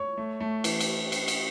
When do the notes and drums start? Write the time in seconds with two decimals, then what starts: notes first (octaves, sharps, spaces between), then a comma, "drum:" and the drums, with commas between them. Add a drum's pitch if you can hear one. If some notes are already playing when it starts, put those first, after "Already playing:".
Already playing: C#5 C#6
0.17 A3
0.40 A3
0.64 E3, drum: cymbal
0.80 drum: cymbal
1.12 drum: cymbal
1.28 drum: cymbal